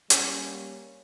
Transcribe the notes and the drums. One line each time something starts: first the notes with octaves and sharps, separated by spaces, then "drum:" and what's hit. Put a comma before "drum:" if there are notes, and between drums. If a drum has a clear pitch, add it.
G3 A#3 C#4, drum: hi-hat